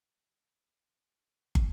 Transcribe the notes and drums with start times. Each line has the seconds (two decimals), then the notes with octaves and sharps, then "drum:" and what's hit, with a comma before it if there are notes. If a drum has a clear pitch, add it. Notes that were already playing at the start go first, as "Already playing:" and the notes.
0.39 G#2
1.09 D4 F#4
1.55 drum: kick